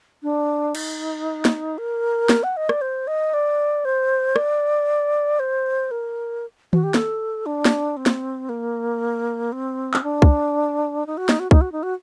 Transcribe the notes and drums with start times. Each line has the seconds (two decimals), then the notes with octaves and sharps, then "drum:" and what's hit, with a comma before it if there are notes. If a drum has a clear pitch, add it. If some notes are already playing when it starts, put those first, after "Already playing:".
0.23 D4
0.75 D#4, drum: cymbal
1.45 drum: snare
1.78 A#4
2.29 drum: snare
2.43 F#5
2.57 D#5
2.69 D5, drum: rim click
2.81 C5
3.07 D#5
3.34 D5
3.85 C5
4.36 D5, drum: rim click
5.40 C5
5.91 A#4
6.73 F#4, drum: tom D#3
6.83 G4
6.94 A4, drum: snare
7.46 D4
7.65 drum: snare
7.97 C4
8.06 drum: snare
8.49 A#3
9.52 C4
9.94 drum: clap
10.03 D4
10.22 drum: kick C2
11.07 D#4
11.17 F#4
11.29 D#4, drum: snare
11.40 F#4
11.51 D#4, drum: kick C2
11.61 F#4
11.72 D#4
11.83 F#4